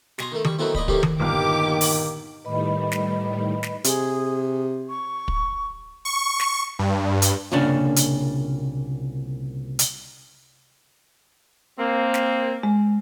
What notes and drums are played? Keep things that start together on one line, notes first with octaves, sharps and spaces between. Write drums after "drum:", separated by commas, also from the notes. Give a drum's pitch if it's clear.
B2 G#5 A#5 C6, drum: snare
D#3 A3
G3 C#6, drum: tom D#3
D#3 F#3 A3 B3 C4 E4
A#2 D5 D#5 B5, drum: kick
A2 C3 D#3 C4 C#4 G4, drum: kick
drum: tom D#3
G1 A#2 D#3 G4 D6 F6
drum: open hi-hat
A2 D#3 G3 B4 D#5 B5
drum: snare
drum: snare
C3 G#4, drum: hi-hat
C#6
drum: kick
C#6
drum: snare
G2
drum: hi-hat
C2 A#2 C#3 C#4 D4
drum: hi-hat
drum: hi-hat
A#3 C4
drum: snare
G#3